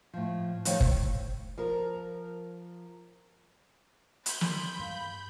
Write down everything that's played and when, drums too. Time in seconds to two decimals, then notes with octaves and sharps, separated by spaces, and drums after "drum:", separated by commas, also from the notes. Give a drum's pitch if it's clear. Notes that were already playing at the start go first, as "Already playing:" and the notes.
0.14 A2 F3
0.65 D3 D#3 F3 A3 C5 C#5, drum: hi-hat
0.81 A2, drum: kick
1.58 F3 A#4
4.26 B5 C6 G6, drum: hi-hat
4.41 drum: snare
4.79 G2 F5